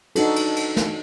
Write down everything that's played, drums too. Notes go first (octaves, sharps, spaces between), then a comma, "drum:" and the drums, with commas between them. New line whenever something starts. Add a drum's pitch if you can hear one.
D4 D#4 F#4 A4, drum: cymbal
drum: cymbal
drum: cymbal
drum: snare